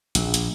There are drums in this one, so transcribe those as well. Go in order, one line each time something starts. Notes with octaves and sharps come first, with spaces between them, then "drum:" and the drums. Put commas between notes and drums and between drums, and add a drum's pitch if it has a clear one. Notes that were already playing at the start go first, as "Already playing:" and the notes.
A#1, drum: hi-hat
drum: hi-hat